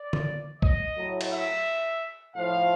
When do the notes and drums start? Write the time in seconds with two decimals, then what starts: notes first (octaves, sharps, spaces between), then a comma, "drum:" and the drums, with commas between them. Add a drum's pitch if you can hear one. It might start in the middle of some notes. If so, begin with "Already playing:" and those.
Already playing: D5
0.13 drum: tom D3
0.62 D#5, drum: kick B1
0.97 A2 F#3
1.21 drum: cymbal
1.32 E5
2.36 A2 F3 F5